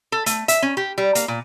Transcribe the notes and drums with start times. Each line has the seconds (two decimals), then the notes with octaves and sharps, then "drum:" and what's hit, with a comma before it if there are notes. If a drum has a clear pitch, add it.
0.12 A4
0.26 A3, drum: hi-hat
0.48 E5, drum: hi-hat
0.62 C#4
0.77 G4
0.98 G3
1.15 A#3, drum: hi-hat
1.28 A#2